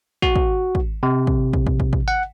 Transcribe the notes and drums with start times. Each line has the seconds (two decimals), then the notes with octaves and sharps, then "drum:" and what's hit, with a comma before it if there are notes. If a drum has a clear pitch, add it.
0.22 F#4, drum: kick
0.36 drum: kick
0.75 drum: kick
1.03 C3
1.27 drum: kick
1.53 drum: kick
1.67 drum: kick
1.80 drum: kick
1.93 drum: kick
2.08 F#5